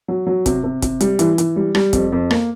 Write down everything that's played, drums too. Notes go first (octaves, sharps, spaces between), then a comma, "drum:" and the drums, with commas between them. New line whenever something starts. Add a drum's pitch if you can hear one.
F#3
F#3
C3, drum: kick, hi-hat
C3
C3, drum: kick, hi-hat
G3, drum: hi-hat
E3, drum: hi-hat
E3, drum: hi-hat
G3
G3, drum: rim click
F2, drum: kick, hi-hat
F2
A#3, drum: rim click